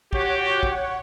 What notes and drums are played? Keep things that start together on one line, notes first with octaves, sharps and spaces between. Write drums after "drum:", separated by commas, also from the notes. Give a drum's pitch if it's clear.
F#4 G4 C#5 F#5, drum: kick
drum: kick